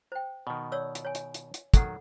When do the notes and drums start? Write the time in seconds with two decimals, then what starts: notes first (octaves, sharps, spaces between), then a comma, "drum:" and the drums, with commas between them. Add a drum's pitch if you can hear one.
0.12 C5 G5
0.47 B2 D#3
0.72 C#5 D5 E6
0.95 drum: hi-hat
1.05 C#5 G#5
1.15 drum: hi-hat
1.34 drum: hi-hat
1.54 drum: hi-hat
1.74 D#3 F#3 A4 F#5, drum: kick, hi-hat